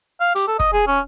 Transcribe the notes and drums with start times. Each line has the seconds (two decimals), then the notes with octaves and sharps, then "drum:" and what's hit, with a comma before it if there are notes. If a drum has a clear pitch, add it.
0.21 F5
0.35 G4, drum: hi-hat
0.48 A4
0.60 D#5, drum: kick
0.73 G#4
0.87 C#4